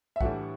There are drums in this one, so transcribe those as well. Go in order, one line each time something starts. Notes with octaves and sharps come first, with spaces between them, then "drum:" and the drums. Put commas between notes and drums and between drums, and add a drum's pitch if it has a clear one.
E5
A2 E3 G3 D4 F#5, drum: kick